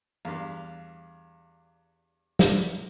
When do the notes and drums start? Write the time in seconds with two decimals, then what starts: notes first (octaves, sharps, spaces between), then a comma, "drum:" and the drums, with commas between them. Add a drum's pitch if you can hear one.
0.25 E2 G2 F5
2.39 drum: snare